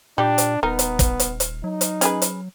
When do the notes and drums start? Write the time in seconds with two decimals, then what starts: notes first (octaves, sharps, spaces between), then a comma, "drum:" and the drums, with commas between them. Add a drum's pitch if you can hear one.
0.18 A#2 G3 D4 G4
0.38 drum: hi-hat
0.63 D#1 B3 D#4 A#4
0.79 drum: hi-hat
0.99 drum: kick, hi-hat
1.20 drum: hi-hat
1.40 drum: hi-hat
1.64 F#3 D#4
1.81 drum: hi-hat
2.01 C#4 G#4 B4, drum: hi-hat
2.22 drum: hi-hat